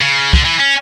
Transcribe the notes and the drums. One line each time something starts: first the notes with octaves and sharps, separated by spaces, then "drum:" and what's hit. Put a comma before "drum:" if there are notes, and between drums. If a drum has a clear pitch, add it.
C#3
D3, drum: kick
E3
C#4